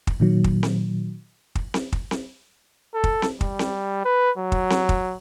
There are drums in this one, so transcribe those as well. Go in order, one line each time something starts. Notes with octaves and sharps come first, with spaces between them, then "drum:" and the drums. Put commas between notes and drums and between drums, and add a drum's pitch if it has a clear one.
drum: kick
A#2 D#3 F#3
drum: kick
drum: snare C4
drum: kick
drum: snare C4
drum: kick
drum: snare C4
A4
drum: kick
drum: snare C4
G3, drum: kick
drum: snare C4
B4
F#3
drum: kick
drum: snare C4
drum: kick